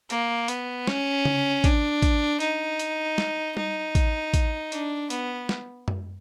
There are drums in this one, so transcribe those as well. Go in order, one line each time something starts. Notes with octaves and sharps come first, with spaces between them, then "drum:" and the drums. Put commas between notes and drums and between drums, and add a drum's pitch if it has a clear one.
A#3, drum: hi-hat
B3, drum: hi-hat
C#4, drum: snare
drum: tom C#3
D4, drum: kick, hi-hat
drum: kick, hi-hat
D#4, drum: hi-hat
drum: hi-hat
drum: snare
D#4, drum: tom G3
drum: kick, hi-hat
drum: kick, hi-hat
D4, drum: hi-hat
B3, drum: hi-hat
drum: snare
drum: tom F#2